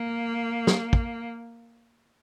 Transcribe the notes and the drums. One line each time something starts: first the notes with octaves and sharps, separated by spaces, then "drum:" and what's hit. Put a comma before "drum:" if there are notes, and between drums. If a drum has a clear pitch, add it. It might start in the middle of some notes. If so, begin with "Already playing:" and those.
Already playing: A#3
drum: snare
drum: kick